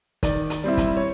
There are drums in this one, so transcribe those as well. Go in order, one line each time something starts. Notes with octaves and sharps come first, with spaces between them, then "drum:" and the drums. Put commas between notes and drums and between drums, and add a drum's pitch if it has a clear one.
D#3 D5, drum: kick, hi-hat
drum: hi-hat
G3 C4 E4
drum: kick, hi-hat
C#5